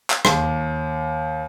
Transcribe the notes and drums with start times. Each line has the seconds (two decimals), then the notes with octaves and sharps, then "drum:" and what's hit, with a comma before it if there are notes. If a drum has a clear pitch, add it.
0.10 drum: clap
0.25 D#2, drum: rim click